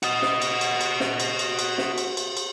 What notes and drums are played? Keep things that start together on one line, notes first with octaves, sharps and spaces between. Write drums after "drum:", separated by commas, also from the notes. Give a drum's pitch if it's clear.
F#4 D#5, drum: cymbal
drum: snare
drum: cymbal
drum: cymbal
drum: cymbal
drum: snare
drum: cymbal
drum: cymbal
drum: cymbal
drum: snare
drum: cymbal
drum: cymbal
drum: cymbal